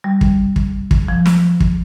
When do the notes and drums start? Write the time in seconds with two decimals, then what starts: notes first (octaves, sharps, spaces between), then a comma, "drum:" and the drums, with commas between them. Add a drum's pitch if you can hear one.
0.04 G3
0.21 drum: kick
0.56 drum: kick
0.91 drum: kick
1.08 F3
1.26 drum: snare
1.60 drum: kick